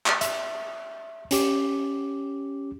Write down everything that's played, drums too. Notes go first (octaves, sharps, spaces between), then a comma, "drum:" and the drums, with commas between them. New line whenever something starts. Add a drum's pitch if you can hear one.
drum: clap
E5, drum: hi-hat
C#4 G4 D6, drum: hi-hat